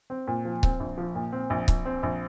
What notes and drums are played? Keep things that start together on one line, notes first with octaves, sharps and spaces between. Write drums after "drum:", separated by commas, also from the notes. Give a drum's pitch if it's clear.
C4
A#2
F3
C4, drum: kick C#1
A#1
F3
A#2
C4
A#1
A#1, drum: kick C#1, hi-hat
C4
A#1